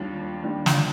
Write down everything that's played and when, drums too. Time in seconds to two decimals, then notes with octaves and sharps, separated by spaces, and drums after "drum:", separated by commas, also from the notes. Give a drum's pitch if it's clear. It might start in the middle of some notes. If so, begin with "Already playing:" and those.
Already playing: D#2 D#3 G3 D4 F4
0.43 D#2 D#3 G3 D4 F4
0.66 drum: snare